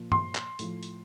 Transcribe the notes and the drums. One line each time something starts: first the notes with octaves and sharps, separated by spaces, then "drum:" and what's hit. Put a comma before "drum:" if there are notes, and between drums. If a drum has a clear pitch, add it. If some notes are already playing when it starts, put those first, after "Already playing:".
Already playing: A#2 F3
C6, drum: tom G2
drum: clap
A2 F3, drum: hi-hat
drum: hi-hat